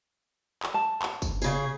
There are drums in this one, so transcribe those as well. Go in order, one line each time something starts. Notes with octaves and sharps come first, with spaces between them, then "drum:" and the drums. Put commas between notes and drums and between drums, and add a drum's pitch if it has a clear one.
drum: clap
A5
drum: clap
drum: kick, tambourine
C#3 G#4, drum: tambourine